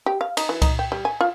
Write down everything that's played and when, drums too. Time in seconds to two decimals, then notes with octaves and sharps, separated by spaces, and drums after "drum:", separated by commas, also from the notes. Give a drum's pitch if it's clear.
0.06 G4
0.21 F5
0.37 D#4, drum: cymbal
0.49 E3
0.62 D#4, drum: kick C2, cymbal
0.79 G5
0.92 G3
1.05 G#5
1.21 F4